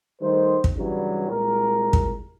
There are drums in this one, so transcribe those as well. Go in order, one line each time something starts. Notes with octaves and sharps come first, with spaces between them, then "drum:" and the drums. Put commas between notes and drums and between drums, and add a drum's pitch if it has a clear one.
D#3 G3 A3 C5
drum: kick
G2 C#3 E3 F#3 G3
C2 A#2 G#3 A#4
drum: kick